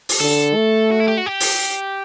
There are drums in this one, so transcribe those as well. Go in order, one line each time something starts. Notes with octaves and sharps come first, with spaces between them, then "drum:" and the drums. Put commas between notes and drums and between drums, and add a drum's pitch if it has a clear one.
drum: open hi-hat
D3 A4
A3
F#4
E4
G4
F#4
G4
drum: open hi-hat